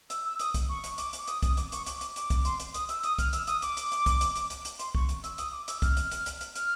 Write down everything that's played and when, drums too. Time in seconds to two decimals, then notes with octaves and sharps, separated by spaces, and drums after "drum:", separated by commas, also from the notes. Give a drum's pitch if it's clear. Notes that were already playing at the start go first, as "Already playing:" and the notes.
0.10 E6, drum: hi-hat
0.25 E6
0.39 D#6, drum: hi-hat
0.54 drum: kick C2, hi-hat
0.69 C#6
0.84 drum: hi-hat
0.98 D6, drum: hi-hat
1.13 drum: hi-hat
1.28 D#6, drum: hi-hat
1.43 D#6, drum: kick C2, hi-hat
1.57 D6, drum: hi-hat
1.72 C#6, drum: hi-hat
1.86 D6, drum: hi-hat
2.01 drum: hi-hat
2.16 D6, drum: hi-hat
2.30 drum: kick C2, hi-hat
2.45 C6, drum: hi-hat
2.60 drum: hi-hat
2.74 D#6, drum: hi-hat
2.89 E6, drum: hi-hat
3.03 D#6, drum: hi-hat
3.18 F6, drum: kick C2, hi-hat
3.33 E6, drum: hi-hat
3.47 D#6, drum: hi-hat
3.62 D6, drum: hi-hat
3.77 drum: hi-hat
3.92 drum: hi-hat
4.06 drum: kick C2, hi-hat
4.21 drum: hi-hat
4.36 drum: hi-hat
4.50 drum: hi-hat
4.65 drum: hi-hat
4.79 C6, drum: hi-hat
4.95 C#6, drum: kick C2
5.09 drum: hi-hat
5.24 E6, drum: hi-hat
5.38 D#6, drum: hi-hat
5.53 D6
5.68 E6, drum: hi-hat
5.82 F6, drum: kick C2, hi-hat
5.97 drum: hi-hat
6.11 drum: hi-hat
6.26 drum: hi-hat
6.41 drum: hi-hat
6.55 F6, drum: hi-hat